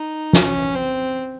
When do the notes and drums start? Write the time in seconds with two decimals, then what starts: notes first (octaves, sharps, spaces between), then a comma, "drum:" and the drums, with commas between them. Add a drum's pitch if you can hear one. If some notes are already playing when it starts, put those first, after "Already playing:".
Already playing: D#4
0.33 C#4, drum: snare
0.76 C4